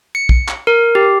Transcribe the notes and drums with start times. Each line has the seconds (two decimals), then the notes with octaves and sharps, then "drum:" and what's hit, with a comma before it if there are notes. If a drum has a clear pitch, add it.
0.15 C#7
0.29 drum: kick
0.49 drum: clap
0.67 A#4
0.95 G4